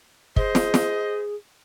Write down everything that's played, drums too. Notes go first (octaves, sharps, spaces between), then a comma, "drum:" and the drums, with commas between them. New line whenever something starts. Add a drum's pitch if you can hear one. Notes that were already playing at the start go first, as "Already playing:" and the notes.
G#4 C5 D#5, drum: kick
drum: snare
drum: snare